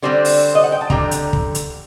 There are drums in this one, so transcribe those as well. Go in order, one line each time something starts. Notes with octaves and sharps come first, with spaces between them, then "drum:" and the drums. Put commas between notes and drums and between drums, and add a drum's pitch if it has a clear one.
D3 G3 C4 C5
drum: open hi-hat
D#5
F#5
G5
A5
D3 G3 C4 A#5, drum: kick
drum: hi-hat
drum: kick
drum: hi-hat